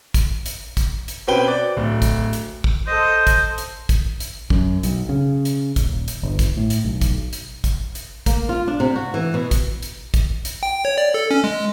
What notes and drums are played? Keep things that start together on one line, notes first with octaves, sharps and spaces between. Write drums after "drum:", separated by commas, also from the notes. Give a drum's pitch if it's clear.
drum: kick, hi-hat
drum: hi-hat
drum: kick, hi-hat
drum: hi-hat
B2 C4 C#4 B4 G5 G7
D5
D1
drum: kick, hi-hat
drum: hi-hat
drum: kick
A4 C5 D#5
drum: kick, hi-hat
drum: hi-hat
drum: kick, hi-hat
drum: hi-hat
F#2, drum: kick
B1, drum: hi-hat
C#3
drum: hi-hat
D#1, drum: kick, hi-hat
drum: hi-hat
G1
drum: kick, hi-hat
A2
drum: hi-hat
B1
drum: kick, hi-hat
drum: hi-hat
drum: kick, hi-hat
drum: hi-hat
A#3, drum: kick, hi-hat
F4
D4
C3
F#4
E3
B2
drum: kick, hi-hat
drum: hi-hat
drum: kick, hi-hat
drum: hi-hat
G5
C#5
D5
A4
C#4
G#3